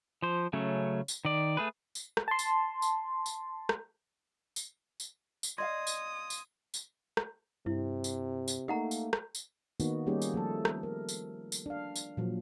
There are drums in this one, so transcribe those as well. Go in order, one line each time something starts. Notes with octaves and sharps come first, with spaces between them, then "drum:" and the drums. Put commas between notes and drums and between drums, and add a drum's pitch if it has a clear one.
F3 C5
C#3 F#3 A3 C#4
drum: tambourine
D#3 D5
A3 G#4 B4
drum: tambourine
drum: rim click
A5 C6
drum: tambourine
drum: tambourine
drum: tambourine
drum: rim click
drum: tambourine
drum: tambourine
drum: tambourine
D5 D#5 F5 C6 D#6 G#6 A#6
drum: tambourine
drum: tambourine
drum: tambourine
drum: rim click
G2 C3 E4
drum: tambourine
drum: tambourine
A3 A#3 D#4 G4 F#5 A#5
drum: tambourine
drum: rim click
drum: tambourine
D#3 A#3 B3 D#4 F#4, drum: tambourine
G3 A#3 C#4 D#4 G4 G#4
drum: tambourine
F3 A3 A4
drum: rim click
A#4
drum: tambourine
drum: tambourine
D4 F5
drum: tambourine
A#2 F3 F#3